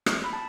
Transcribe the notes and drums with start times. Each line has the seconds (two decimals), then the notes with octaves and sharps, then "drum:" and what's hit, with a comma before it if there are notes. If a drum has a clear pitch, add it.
0.06 drum: rim click
0.24 B5
0.33 A5